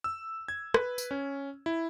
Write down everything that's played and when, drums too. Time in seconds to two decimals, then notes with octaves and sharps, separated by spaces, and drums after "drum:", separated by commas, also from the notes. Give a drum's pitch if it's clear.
0.04 E6
0.48 G#6
0.74 B4, drum: rim click
0.98 drum: tambourine
1.11 C#4
1.66 E4